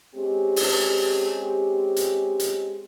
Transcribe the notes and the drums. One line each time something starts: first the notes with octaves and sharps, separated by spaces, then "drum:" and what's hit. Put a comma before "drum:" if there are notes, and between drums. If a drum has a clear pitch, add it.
G#3 C4 C#4 G4
drum: open hi-hat
drum: hi-hat
drum: hi-hat